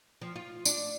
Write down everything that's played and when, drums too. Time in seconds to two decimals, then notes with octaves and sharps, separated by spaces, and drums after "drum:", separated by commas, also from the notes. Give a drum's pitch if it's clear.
0.21 F3
0.36 F4
0.65 D4, drum: tambourine